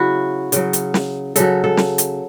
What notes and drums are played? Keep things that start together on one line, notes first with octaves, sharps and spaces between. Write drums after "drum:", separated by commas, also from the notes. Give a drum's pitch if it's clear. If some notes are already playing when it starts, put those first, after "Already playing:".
Already playing: C#3 F#3 E4 F#4
C#3 F#3, drum: hi-hat
drum: hi-hat
drum: snare
C#3 F#3 A4, drum: hi-hat
A4
drum: snare
drum: hi-hat